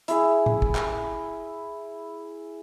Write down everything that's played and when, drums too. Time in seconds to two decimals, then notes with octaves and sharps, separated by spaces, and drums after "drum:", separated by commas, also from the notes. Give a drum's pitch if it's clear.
0.08 E4 G#4, drum: hi-hat
0.46 drum: tom A2
0.62 drum: kick
0.75 drum: clap